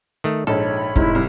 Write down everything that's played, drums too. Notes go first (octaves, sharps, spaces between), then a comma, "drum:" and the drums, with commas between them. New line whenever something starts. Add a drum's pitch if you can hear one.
D#3 A3
A#1 G#2 A4 C#5 B5
F1 G#2 E4, drum: kick
C2